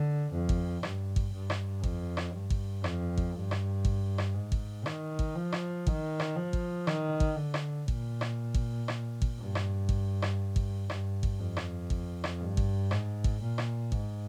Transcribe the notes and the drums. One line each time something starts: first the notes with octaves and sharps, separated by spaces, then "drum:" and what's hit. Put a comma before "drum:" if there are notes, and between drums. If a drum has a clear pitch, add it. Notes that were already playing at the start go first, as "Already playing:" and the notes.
Already playing: D3
F2
drum: kick G#1
G2, drum: rim click
drum: kick G#1
G2
drum: rim click
F2, drum: kick G#1
drum: rim click
G2
drum: kick G#1
F2, drum: rim click
drum: kick G#1
G2
drum: rim click
drum: kick G#1
drum: rim click
G#2
drum: kick G#1
D#3, drum: rim click
drum: kick G#1
F3
drum: rim click
D#3, drum: kick G#1
drum: rim click
F3
drum: kick G#1
D#3, drum: rim click
drum: kick G#1
D3
drum: rim click
A#2, drum: kick G#1
drum: rim click
drum: kick G#1
drum: rim click
drum: kick G#1
G2
drum: rim click
drum: kick G#1
drum: rim click
drum: kick G#1
G2, drum: rim click
drum: kick G#1
F2
drum: rim click
drum: kick G#1
drum: rim click
G2
drum: kick G#1
G#2, drum: rim click
drum: kick G#1
A#2
drum: rim click
G#2, drum: kick G#1